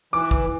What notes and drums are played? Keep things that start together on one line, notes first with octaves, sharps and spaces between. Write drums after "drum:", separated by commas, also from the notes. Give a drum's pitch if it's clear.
E3 D6
drum: kick